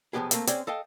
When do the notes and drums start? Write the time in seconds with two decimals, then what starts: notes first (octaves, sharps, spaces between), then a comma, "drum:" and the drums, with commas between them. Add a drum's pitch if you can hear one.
0.13 B1 F2 F3 B3 G4 G#4
0.31 A3 A#3 C4, drum: hi-hat
0.47 C4 C#4 G#4 C5 D5 G5, drum: hi-hat
0.67 A4 D#5 F5 G5